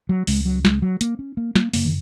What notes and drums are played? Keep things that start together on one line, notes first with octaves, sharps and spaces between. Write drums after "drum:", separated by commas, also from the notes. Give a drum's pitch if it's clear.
F#3
C#2 C#3 G#3, drum: open hi-hat
F#3
G#3, drum: snare
F#3
A#3, drum: hi-hat
C#4
A#3
A#3, drum: snare
F#2 C#3 A#3, drum: open hi-hat
D#3